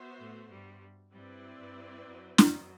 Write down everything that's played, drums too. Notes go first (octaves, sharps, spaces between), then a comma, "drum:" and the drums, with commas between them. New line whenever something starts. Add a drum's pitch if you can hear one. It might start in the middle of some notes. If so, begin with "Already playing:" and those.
Already playing: B3 F#4 C5 E5
A2 A3
G2 G3
G2 G3 C4 E4 B4 D5
G2 G3
F#2 F#3
F#2 F#3, drum: snare